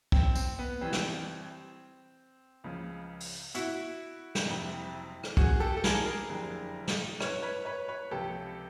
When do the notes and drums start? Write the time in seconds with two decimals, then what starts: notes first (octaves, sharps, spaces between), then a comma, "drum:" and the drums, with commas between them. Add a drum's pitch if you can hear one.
0.12 C4, drum: kick
0.35 C4, drum: tambourine
0.59 B3
0.81 A1 A2 E3 G3 C4
0.93 drum: snare
2.64 C#2 C#3 F3
3.20 drum: open hi-hat
3.55 E4 F#4, drum: hi-hat
4.35 drum: snare
4.46 F#1 F2 C3
5.23 drum: rim click
5.37 F#4 G#4, drum: kick
5.60 G4 A4
5.77 A4
5.84 G#4 A#4, drum: snare
6.06 G#4 A#4
6.29 F#1 F2 D3 G3
6.87 drum: snare
7.20 B4 C#5, drum: rim click
7.43 B4 C#5
7.65 B4 C#5
7.88 B4 C#5
8.11 C#2 C3 F3 G4 A4